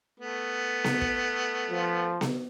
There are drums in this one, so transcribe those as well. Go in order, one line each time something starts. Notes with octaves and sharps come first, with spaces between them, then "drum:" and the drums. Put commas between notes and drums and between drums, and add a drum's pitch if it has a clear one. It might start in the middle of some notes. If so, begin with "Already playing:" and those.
A3 B3
drum: snare B3
drum: kick
F3
drum: snare B3